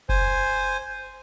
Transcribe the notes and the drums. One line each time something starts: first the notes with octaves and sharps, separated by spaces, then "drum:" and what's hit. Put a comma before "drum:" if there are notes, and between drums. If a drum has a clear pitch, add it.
C5 G#5, drum: kick F#1